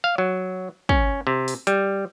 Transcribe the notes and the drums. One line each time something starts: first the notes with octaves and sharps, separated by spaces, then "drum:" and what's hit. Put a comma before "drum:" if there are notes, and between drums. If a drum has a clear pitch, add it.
F5
F#3
C#4, drum: kick
C3
drum: open hi-hat
G3, drum: hi-hat